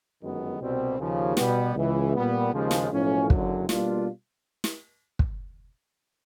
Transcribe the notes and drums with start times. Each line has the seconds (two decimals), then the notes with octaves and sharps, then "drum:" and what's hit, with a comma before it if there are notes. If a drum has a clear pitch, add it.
0.21 G1 F#2 D#3 G#3 B3
0.59 C2 B2 G3 C4
0.98 D#2 C#3 F3
1.37 B2 G3 B3, drum: snare
1.75 C#2 C#3 E3
2.15 A#2 G3 B3
2.53 D#2 C#3 F3 G#3
2.71 drum: snare
2.92 B1 A2 F3 A#3 C#4
3.30 F#1 F#2 D3 F#3, drum: kick
3.69 B2 G3 A#3 D4 F4, drum: snare
4.64 drum: snare
5.19 drum: kick